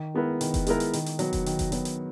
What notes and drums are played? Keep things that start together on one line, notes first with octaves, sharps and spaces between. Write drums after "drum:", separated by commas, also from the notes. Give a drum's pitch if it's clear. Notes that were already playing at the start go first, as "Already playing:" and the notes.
Already playing: D#3
G#3 B3 E4 A#4
D#3, drum: hi-hat
drum: kick F1, hi-hat
G#3 B3 E4 A#4, drum: hi-hat
drum: hi-hat
D#3, drum: hi-hat
drum: hi-hat
F#3 B3, drum: hi-hat
drum: kick F1, hi-hat
D#3, drum: hi-hat
drum: kick F1, hi-hat
F#3 B3, drum: hi-hat
drum: hi-hat